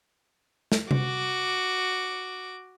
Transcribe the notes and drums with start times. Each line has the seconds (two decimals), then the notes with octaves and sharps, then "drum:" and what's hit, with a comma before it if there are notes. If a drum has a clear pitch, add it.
0.72 drum: snare
0.91 F#4 D6, drum: tom C3